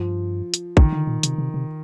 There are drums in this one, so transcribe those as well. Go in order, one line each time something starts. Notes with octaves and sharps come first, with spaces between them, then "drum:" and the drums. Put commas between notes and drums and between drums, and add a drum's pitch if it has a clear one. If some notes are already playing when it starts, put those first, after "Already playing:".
Already playing: G2 F3
drum: hi-hat
D3 D#3, drum: kick
D3
A#2
C3, drum: hi-hat
C3
C3